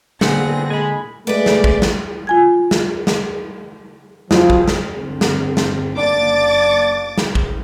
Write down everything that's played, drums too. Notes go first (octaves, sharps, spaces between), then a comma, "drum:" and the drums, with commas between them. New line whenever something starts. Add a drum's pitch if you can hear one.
A#2 D3 B3 C4 D4 G#4 F#5 A#6, drum: snare
G#3 G#5 B5
G#3 A3 B3 B4 D5
drum: snare
drum: kick A1
drum: snare
F4 G#5 G#6
drum: snare
drum: snare
F2 F3 F#3, drum: snare
drum: kick A1
drum: snare
G1 D3 C4
drum: snare
drum: snare
F#1 A#3 D4 D6 A6
drum: snare
drum: kick A1